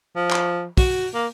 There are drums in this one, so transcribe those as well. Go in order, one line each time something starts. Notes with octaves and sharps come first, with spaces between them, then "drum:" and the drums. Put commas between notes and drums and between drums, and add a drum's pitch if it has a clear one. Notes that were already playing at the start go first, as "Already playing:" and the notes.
F3
drum: clap
F#4, drum: kick, open hi-hat
A#3